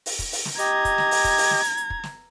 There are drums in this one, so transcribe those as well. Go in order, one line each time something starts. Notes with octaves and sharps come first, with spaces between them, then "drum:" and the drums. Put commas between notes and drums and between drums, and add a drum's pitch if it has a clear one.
drum: open hi-hat
drum: kick, hi-hat
drum: open hi-hat
drum: snare
G4 D#5 A#5 G#6, drum: hi-hat
drum: kick, hi-hat
drum: snare
drum: open hi-hat
drum: kick, hi-hat
drum: open hi-hat
drum: snare
drum: hi-hat
drum: hi-hat
drum: kick
drum: snare